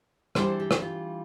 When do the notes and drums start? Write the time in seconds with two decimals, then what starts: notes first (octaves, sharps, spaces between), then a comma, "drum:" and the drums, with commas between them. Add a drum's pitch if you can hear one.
0.35 E3 G3 D4 C5, drum: rim click
0.60 G4
0.71 drum: rim click
0.82 F4